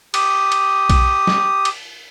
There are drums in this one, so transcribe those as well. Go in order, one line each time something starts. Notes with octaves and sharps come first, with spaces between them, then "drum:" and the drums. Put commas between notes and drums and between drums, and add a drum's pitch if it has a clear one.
G4 D#6, drum: cymbal
drum: cymbal
drum: kick B1, cymbal
drum: snare
drum: cymbal